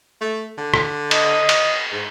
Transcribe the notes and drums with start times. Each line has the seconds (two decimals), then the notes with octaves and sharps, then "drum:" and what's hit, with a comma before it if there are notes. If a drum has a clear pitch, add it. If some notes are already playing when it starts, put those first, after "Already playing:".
0.21 A3
0.58 D3
0.74 drum: rim click
1.11 D#5, drum: cymbal
1.49 drum: cymbal
1.92 G#2